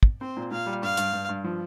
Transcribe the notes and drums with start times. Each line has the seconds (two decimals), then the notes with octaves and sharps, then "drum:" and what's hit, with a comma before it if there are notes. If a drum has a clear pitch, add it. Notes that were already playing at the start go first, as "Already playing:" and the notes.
0.03 drum: kick
0.21 C4 C5
0.37 A#2
0.51 A#2 F5
0.66 G3
0.82 G2 F5
0.97 G2, drum: hi-hat
1.13 G2
1.29 G2
1.44 F3